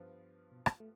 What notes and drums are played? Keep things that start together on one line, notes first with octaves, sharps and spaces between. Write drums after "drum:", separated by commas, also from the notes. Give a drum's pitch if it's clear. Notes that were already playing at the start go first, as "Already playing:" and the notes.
Already playing: G2 F3 B3 F4
B2
drum: rim click
A3